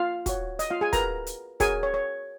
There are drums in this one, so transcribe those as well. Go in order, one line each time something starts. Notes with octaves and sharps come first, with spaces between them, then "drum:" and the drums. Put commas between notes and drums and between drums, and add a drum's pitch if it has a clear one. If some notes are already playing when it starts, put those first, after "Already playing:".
Already playing: F4 F5
F#4 C#5, drum: kick, hi-hat
D#5, drum: hi-hat
F4 F5
G#4 G#5
F#4 A#4 B4 A#5, drum: kick, hi-hat
drum: hi-hat
F#4 G#4 A#4 C#5 G#5, drum: kick, hi-hat
C#5
C#5